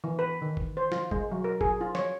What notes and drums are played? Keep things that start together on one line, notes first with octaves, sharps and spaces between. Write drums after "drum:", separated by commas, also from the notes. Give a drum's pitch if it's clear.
E3
B4
D#3
drum: kick F1
C5
F4, drum: snare
G#3, drum: kick F1
F#3
A#4
G#4, drum: kick F1
F4
C#5, drum: snare